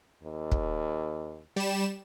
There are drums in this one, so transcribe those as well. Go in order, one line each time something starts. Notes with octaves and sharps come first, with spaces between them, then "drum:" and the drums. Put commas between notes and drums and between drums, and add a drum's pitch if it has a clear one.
D#2
drum: kick
G3 E7